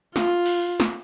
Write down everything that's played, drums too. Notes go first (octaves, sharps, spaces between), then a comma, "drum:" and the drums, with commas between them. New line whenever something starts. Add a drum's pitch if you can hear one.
F4, drum: snare
drum: cymbal
drum: snare